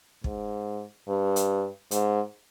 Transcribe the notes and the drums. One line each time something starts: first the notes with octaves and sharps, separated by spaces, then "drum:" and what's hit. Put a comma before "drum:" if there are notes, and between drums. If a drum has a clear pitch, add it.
G#2, drum: kick
G2
drum: hi-hat
G#2, drum: hi-hat